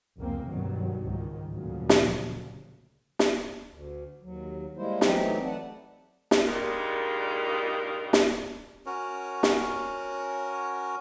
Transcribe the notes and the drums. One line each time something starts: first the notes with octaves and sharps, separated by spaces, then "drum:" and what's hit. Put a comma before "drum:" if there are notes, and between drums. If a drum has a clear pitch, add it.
F1 C#2 A#3 C4
G2 B2 D#3 F#3 G3
C#2 G#2 D#3
D2 A#2 C#3 F3 F#3
drum: snare
drum: snare
D2
D#2 F#3
G3 G#3 A#3 E4 C5
E3 F#3 A3 C4 D#4 G4, drum: snare
A3 B4 D5 F#5 A5
drum: snare
G2 A#2 G3 G#3 D#4 A#4
drum: snare
C#4 F#4 A#4 C#5
drum: snare